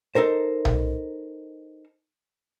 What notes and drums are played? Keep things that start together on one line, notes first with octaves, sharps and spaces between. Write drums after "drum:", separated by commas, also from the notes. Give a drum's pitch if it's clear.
D#4 A4 A#4 C5
drum: tom B1